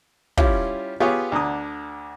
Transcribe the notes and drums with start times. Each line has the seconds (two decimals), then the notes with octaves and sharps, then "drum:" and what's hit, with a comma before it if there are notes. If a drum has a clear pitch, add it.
0.37 G3 C#4 E4 F4 G4, drum: kick
1.00 B3 F4 G4 G#4 C#5
1.32 D2 D3 A#5 D#6